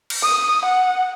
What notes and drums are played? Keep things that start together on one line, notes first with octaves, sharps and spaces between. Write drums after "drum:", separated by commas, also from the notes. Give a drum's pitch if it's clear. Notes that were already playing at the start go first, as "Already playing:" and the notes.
drum: cymbal
D#6
F#5